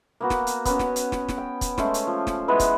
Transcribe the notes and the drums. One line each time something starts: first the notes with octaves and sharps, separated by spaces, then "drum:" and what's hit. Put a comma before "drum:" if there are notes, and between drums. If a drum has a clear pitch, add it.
A#3 B3 F#4
drum: snare
drum: hi-hat
B3 C#4, drum: kick, hi-hat
drum: snare
drum: hi-hat
drum: snare
drum: snare
G5
drum: kick, hi-hat
G#3 A3 C#4 C5, drum: snare
drum: hi-hat
F3
drum: snare
E3 G#3 B3 B4
drum: kick, hi-hat